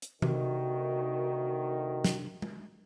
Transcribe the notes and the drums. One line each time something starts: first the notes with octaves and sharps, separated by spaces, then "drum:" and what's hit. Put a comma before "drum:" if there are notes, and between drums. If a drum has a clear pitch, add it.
drum: hi-hat
D2 C3 D#3 F#4, drum: tom D#3
drum: snare
drum: tom